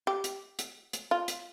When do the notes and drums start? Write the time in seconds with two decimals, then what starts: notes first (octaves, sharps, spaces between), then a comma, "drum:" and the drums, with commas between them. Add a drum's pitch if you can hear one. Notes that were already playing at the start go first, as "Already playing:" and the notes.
0.07 G4
0.24 drum: hi-hat
0.59 drum: hi-hat
0.93 drum: hi-hat
1.11 F4
1.28 drum: hi-hat